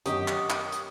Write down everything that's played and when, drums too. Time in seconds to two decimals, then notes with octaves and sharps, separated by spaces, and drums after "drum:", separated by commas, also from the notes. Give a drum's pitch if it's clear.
0.06 F#2 F#4 G4 D#5 D#6, drum: hi-hat
0.28 drum: clap
0.50 drum: clap
0.72 drum: hi-hat